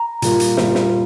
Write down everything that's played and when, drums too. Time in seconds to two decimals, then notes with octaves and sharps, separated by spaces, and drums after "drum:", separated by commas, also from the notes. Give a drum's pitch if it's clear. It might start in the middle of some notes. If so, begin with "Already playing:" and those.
Already playing: A#5
0.22 A#2 G3 A#3 F4, drum: hi-hat
0.40 drum: hi-hat
0.57 A#2 G3 A#3 F4, drum: snare
0.75 drum: snare